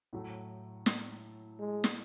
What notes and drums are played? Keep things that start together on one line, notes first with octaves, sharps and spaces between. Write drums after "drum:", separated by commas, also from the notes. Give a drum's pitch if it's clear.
A2 F#3 A3
drum: snare
G#3
drum: snare